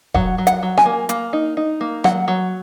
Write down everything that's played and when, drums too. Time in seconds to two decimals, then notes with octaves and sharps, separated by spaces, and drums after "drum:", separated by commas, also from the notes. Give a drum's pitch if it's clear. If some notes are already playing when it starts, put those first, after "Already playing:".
0.14 F#3 F#5, drum: kick E1
0.38 F#3
0.47 F#5, drum: hi-hat
0.63 F#3
0.78 G#5, drum: rim click
0.86 A#3
1.09 A#3, drum: hi-hat
1.33 D#4
1.57 D#4
1.81 A#3
2.04 F#3 F#5, drum: rim click
2.28 F#3